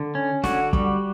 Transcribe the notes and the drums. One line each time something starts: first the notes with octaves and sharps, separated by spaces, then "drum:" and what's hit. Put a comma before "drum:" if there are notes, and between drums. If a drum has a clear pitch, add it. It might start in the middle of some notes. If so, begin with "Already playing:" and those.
Already playing: D3
C#4
D3 F#4, drum: snare
G3, drum: kick